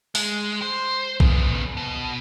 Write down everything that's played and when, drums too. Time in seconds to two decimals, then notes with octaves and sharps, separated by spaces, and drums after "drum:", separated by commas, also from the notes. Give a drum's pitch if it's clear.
0.15 G#3, drum: open hi-hat
0.62 C5
1.20 C#3 B3, drum: kick A#1
1.77 B2